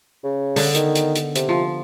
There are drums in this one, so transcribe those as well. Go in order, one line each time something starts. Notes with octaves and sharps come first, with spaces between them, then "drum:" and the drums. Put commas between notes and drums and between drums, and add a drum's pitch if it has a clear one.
C#3
D3 B3, drum: open hi-hat
D#3, drum: hi-hat
drum: hi-hat
drum: hi-hat
C3, drum: hi-hat
F3